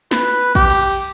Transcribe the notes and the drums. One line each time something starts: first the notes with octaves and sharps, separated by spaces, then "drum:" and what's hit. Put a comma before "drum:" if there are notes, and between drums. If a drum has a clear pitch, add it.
B4, drum: snare
G4, drum: kick
drum: cymbal